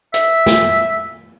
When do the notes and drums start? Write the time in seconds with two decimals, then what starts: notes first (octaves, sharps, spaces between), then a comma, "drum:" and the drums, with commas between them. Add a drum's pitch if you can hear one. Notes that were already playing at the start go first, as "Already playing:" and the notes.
0.14 E5, drum: hi-hat
0.46 drum: snare